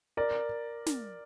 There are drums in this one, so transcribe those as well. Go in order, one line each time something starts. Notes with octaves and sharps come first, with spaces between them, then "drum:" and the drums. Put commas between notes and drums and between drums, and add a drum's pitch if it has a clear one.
A#4 D5
drum: snare